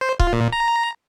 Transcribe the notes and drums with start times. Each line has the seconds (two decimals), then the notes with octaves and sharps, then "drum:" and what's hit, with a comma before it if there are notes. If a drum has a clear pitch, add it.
0.01 C5
0.19 F4, drum: kick C#1
0.33 A#2
0.53 A#5